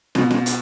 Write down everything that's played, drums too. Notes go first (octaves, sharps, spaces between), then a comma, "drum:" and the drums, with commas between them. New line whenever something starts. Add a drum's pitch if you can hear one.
B2, drum: snare
drum: snare
drum: hi-hat